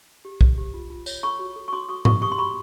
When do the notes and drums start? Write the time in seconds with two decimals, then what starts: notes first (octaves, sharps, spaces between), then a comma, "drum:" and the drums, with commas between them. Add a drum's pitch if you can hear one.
0.25 G4
0.41 C5, drum: kick
0.58 G4
0.74 F4
0.90 F4
1.06 C#5, drum: tambourine
1.23 A4 B5 C#6
1.39 F#4
1.56 A4
1.68 C#6
1.72 F#4 C6 D6
1.89 F#4 C#6 D#6
2.05 F#4 C#6 D#6, drum: tom G#2
2.22 G4 C#6 D#6
2.32 C6
2.38 G4 B5 C#6